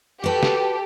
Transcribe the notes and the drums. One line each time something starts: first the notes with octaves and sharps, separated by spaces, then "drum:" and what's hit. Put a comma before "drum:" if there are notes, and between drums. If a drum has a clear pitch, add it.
F#4 G4 A4 B4
drum: snare